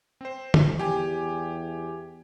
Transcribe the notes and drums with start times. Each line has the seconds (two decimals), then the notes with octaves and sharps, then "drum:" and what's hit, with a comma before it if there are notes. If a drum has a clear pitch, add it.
0.21 C4 C5
0.54 drum: tom
0.79 E2 G4 G#5